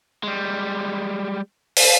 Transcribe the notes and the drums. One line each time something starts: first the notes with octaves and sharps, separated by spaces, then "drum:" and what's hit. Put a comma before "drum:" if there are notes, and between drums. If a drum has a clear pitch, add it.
G3 G#3
drum: open hi-hat